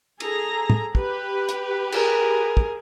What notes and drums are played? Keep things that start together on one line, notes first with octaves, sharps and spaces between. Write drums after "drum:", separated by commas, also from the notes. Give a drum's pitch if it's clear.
G#4 A4 A#5, drum: cymbal
drum: tom
G4 B4, drum: kick
drum: hi-hat
G#4 A#4, drum: cymbal
drum: kick